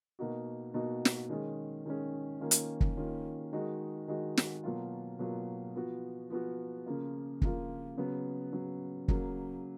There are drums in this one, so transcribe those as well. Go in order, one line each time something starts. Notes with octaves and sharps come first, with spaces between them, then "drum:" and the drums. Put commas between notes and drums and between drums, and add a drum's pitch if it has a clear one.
B2 A#3 D#4 F#4
B2 A#3 D#4 F#4
drum: snare
D#3 G#3 C#4
D#3 G#3 C#4
D#3 A#3 C#4 F4
drum: hi-hat
drum: kick
D#3 A#3 C#4 F4
D#3 G#3 D#4 F#4
D#3 G#3 D#4 F#4
drum: snare
B2 F#3 A#3 F4
B2 F#3 A#3 F4
F3 B3 F#4
F3 B3 F#4
C#3 F3 A#3 F4
C#3 F3 A#3 F4, drum: kick
C#3 F#3 B3
C#3 F#3 B3
C#3 F#3 A#3, drum: kick